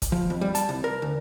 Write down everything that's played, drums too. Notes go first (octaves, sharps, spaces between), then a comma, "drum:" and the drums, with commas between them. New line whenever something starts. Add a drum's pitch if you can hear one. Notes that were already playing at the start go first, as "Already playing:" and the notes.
drum: kick, hi-hat
F3
F2
G3
A5, drum: hi-hat
C2
A#4
D2